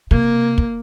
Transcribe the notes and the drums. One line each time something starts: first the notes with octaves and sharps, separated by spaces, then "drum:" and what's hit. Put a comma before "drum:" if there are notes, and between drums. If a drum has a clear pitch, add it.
C3 A#3, drum: kick
drum: kick